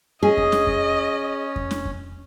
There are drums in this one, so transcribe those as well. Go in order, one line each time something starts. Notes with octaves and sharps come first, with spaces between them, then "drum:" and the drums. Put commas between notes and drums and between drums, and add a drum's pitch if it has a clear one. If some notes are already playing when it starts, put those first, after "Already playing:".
C#4 G#4 D#5
drum: kick F2
drum: snare
drum: kick F2
drum: kick F2
drum: snare
drum: kick F2